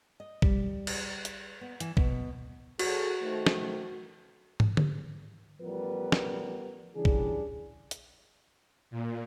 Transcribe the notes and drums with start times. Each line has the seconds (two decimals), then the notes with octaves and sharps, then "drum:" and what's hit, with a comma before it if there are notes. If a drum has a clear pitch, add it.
0.20 D#5
0.42 G3, drum: kick
0.87 drum: cymbal
1.25 drum: hi-hat
1.61 B3
1.80 E3, drum: hi-hat
1.97 B2, drum: kick
2.79 F#3 F#4 G#4 A4, drum: cymbal
3.22 D#3 A3 C5
3.47 drum: snare
4.60 drum: tom
4.77 drum: tom D3
5.61 A1 F3 G3 B3 A#4 B4
6.12 drum: snare
6.94 C#3 E3 G3 D4 G#4
7.05 drum: kick
7.91 drum: hi-hat
8.91 A#2